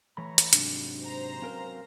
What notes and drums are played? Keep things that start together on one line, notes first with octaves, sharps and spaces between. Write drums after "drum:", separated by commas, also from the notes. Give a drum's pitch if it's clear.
E3 A3 C#5 A#5 B5
drum: hi-hat
G#2 C3 F#3 D4, drum: hi-hat
C5 A#5
F#3 C4 C#4 A#4 B4 F5